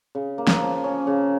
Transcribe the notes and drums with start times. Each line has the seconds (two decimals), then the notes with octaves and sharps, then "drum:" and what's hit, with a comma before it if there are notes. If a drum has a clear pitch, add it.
0.15 C#3
0.38 A#3
0.47 drum: snare
0.61 F3
0.84 C#4
1.07 C#3